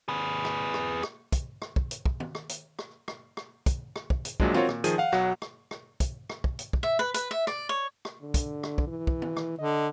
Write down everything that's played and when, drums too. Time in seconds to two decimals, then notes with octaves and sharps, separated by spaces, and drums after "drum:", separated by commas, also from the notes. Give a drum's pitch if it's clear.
0.09 G#4 B4
0.45 drum: rim click
0.74 drum: rim click
1.03 drum: rim click
1.32 drum: kick, hi-hat
1.62 drum: rim click
1.76 drum: kick
1.91 drum: hi-hat
2.06 drum: kick
2.20 drum: tom
2.35 drum: rim click
2.49 drum: hi-hat
2.79 drum: rim click
3.08 drum: rim click
3.37 drum: rim click
3.66 drum: kick, hi-hat
3.96 drum: rim click
4.10 drum: kick
4.25 drum: hi-hat
4.40 A#1 A#2 F#3 G#3 D4, drum: kick
4.54 C4 F4 F#4 A#4 C#5, drum: tom
4.69 A#2, drum: rim click
4.84 D#3 F3 G#4 D#7, drum: hi-hat
4.98 F5 F#5
5.12 B1 F#3 F#5, drum: rim click
5.42 drum: rim click
5.71 drum: rim click
6.00 drum: kick, hi-hat
6.30 drum: rim click
6.44 drum: kick
6.59 drum: hi-hat
6.73 drum: kick
6.83 E5
6.99 B4
7.14 B4, drum: hi-hat
7.31 E5
7.47 D5, drum: rim click
7.69 C#5
8.05 drum: rim click
8.22 D3
8.34 drum: kick, hi-hat
8.63 drum: rim click
8.78 drum: kick
8.87 E3
9.07 drum: kick
9.22 drum: tom
9.37 drum: rim click
9.59 D3 D#5